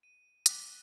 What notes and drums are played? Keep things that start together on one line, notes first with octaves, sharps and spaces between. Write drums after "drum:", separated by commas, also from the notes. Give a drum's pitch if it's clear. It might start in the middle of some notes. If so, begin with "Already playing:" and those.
D#7
D6 F#6 B6 G7, drum: hi-hat